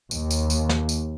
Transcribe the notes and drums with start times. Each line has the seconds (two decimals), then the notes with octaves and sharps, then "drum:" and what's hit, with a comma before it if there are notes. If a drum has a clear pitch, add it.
0.11 D#2, drum: tambourine
0.31 drum: tambourine
0.50 drum: tambourine
0.69 drum: snare
0.89 drum: tambourine